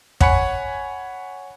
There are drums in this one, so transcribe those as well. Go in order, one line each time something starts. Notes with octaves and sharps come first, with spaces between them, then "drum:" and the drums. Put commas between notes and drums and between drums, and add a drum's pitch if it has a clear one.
C#5 F#5 G#5 B5 C#6 C#7, drum: kick